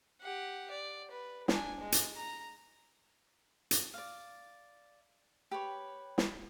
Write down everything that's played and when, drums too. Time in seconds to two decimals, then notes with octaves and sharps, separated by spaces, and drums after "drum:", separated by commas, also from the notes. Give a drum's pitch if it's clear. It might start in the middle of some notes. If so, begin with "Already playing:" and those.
0.22 G4 F#5
0.71 D5
1.11 B4
1.48 D4 G#5, drum: snare
1.80 G#3
1.92 drum: hi-hat
2.16 A#5
3.71 drum: hi-hat
3.94 D5 F5
5.51 G4 B4 C#5
6.18 drum: snare